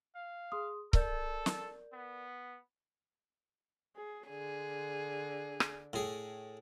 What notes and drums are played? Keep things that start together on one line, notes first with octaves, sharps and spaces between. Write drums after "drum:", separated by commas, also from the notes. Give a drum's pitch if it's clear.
F5
G#4 C6 D#6
A4 A#4 D5 G6, drum: kick C#1
drum: snare
B3
G#4
D3 G#4
drum: rim click
A2 G#4